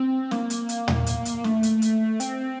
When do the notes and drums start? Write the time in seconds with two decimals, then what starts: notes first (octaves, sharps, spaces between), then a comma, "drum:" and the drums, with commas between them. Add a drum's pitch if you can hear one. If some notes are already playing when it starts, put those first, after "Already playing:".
Already playing: C4
0.31 A#3, drum: snare
0.50 drum: hi-hat
0.69 drum: hi-hat
0.88 drum: tom
1.06 drum: hi-hat
1.25 drum: hi-hat
1.44 A3, drum: snare
1.63 drum: hi-hat
1.82 drum: hi-hat
2.20 C4, drum: hi-hat